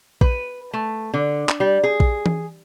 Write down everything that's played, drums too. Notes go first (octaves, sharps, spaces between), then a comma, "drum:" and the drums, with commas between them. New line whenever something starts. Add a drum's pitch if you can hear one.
B4, drum: kick A#1
A3
D3
drum: clap
G3
G#4
drum: kick A#1
drum: tom E3